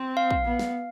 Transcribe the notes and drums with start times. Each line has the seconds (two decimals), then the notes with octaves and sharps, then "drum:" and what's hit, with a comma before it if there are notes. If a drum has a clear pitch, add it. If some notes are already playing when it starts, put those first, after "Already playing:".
Already playing: C4
0.17 F5
0.31 drum: kick
0.45 B3
0.59 drum: snare